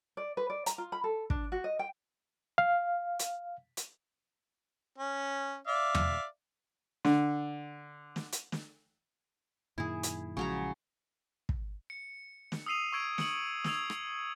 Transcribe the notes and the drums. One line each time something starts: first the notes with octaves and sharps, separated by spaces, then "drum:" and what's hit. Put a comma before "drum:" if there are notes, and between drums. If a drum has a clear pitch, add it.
D5
B4
D5
A#5, drum: hi-hat
F4
B5
A4
D4, drum: kick
F#4
D#5
G5
F5
drum: hi-hat
drum: hi-hat
C#4
D5 E5 F5
drum: tom E2
D3, drum: snare
drum: snare
drum: hi-hat
drum: snare
F#2 A#2 D#3 E4 G#4
drum: hi-hat
A#1 C#3 F3 F#3 G#3 A#5
drum: kick
C#7
drum: snare
D#6 E6 C7 D#7 F7
C#6 E6 G#6 D7
C#7 F#7, drum: snare
D#6 E6 G#6 F7, drum: snare
drum: rim click